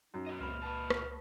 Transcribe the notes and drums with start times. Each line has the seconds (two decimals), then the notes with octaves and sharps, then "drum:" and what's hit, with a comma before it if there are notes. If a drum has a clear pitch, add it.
0.14 F#2 D#4
0.27 F#4 D#5
0.41 C#2 A#2 C4 B5 F6
0.62 A#2 B4 A5
0.90 drum: rim click